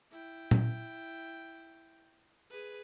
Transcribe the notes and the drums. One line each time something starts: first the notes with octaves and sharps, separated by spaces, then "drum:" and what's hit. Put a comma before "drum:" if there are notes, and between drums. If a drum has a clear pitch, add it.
E4 G5
drum: tom A#2
G#4 B4